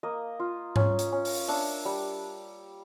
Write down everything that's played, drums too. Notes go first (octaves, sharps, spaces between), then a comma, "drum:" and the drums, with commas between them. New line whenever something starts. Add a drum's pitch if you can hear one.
A#3 D#5
F4
C#4, drum: tom G#2
drum: hi-hat
C#4
drum: open hi-hat
D4 E5, drum: open hi-hat
G3